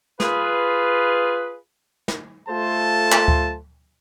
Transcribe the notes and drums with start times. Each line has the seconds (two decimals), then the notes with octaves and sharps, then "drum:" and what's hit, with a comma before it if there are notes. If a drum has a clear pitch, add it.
0.20 F4 G#4 B4, drum: snare
2.08 drum: snare
2.49 A3 F4 A4 C5 A5
3.12 drum: clap
3.28 drum: kick D2